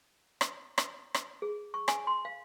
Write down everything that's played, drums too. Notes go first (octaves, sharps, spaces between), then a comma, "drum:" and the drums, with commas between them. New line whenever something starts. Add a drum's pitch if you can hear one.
drum: rim click
drum: rim click
drum: rim click
G#4
C#6
G#5, drum: rim click
C6
F5